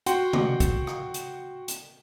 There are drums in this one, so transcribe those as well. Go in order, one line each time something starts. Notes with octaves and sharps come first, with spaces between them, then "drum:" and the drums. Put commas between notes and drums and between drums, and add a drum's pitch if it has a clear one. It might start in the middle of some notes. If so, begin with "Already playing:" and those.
F#4 F#5 G5 C6, drum: hi-hat
drum: tom C3
drum: kick, hi-hat
drum: rim click
drum: hi-hat
drum: hi-hat